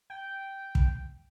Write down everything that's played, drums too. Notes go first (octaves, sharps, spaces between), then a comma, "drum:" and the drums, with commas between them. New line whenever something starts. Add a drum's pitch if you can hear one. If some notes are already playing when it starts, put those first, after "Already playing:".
G5
drum: kick